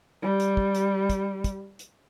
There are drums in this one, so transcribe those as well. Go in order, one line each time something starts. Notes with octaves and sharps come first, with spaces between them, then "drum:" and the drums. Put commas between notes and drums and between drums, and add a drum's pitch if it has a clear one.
G3
drum: hi-hat
drum: kick
drum: hi-hat
drum: kick, hi-hat
drum: kick, hi-hat
drum: hi-hat